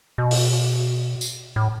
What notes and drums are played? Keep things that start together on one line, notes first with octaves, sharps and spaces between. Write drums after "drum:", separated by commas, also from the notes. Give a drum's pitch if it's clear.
B2
drum: open hi-hat
drum: tambourine
A2